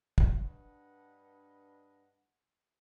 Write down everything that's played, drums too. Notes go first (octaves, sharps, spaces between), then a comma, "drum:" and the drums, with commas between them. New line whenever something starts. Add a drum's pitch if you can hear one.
G2 D4 B4 D#5 F#5, drum: kick